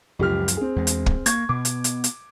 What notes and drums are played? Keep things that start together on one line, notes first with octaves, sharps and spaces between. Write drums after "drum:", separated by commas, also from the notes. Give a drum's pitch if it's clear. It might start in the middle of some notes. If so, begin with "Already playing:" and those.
C#2 F#2 F3 G4 F6
drum: hi-hat
C4 G#4
E2 G#3
drum: hi-hat
drum: kick
A#3 C#6 G#6, drum: hi-hat
B2 D6
drum: hi-hat
drum: hi-hat
drum: hi-hat